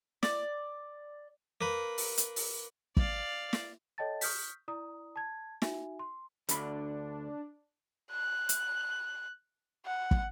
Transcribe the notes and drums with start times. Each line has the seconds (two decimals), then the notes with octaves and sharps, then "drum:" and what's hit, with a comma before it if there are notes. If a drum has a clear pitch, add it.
0.23 D5, drum: snare
1.61 A#3 B4
1.98 drum: open hi-hat
2.18 drum: hi-hat
2.36 drum: open hi-hat
2.97 D5 F5, drum: kick
3.53 drum: snare
3.98 A4 C#5 D#5 G5 A5 A6
4.21 C#6 D#6 F6 G6 B6, drum: open hi-hat
4.68 E4 D5 A#5 D#6
5.16 A5 G#6
5.62 D#4 F#4 E5 G#5, drum: snare
5.99 C6
6.49 D2 D3 D4 B5, drum: hi-hat
8.11 F#6
8.49 drum: hi-hat
9.86 F#5
10.11 drum: kick